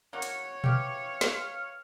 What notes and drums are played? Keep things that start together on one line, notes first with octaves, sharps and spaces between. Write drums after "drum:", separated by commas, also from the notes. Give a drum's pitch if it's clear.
A#3 F#4 C#5
drum: hi-hat
E3 G4 F5, drum: tom B2
drum: snare